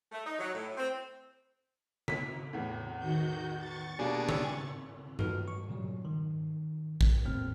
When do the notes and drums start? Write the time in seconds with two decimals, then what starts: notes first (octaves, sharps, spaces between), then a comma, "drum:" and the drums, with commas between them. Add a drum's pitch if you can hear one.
0.12 A3
0.26 D#4
0.39 F#3
0.55 A2
0.78 C4
2.08 B6, drum: tom C#3
2.53 E2 A2
2.99 D#3 F#4 G6
3.58 C#6 A6
3.99 B2 G3 A#3 D4 F#4 G#4
4.29 E6, drum: tom C#3
5.19 F4 F#4 A4 B4 F6, drum: tom G2
5.48 C#6
5.69 A#2 C#3 F#3 G3
6.05 D#3
7.01 drum: kick
7.24 G1 E2 A2 A#3 C4 F6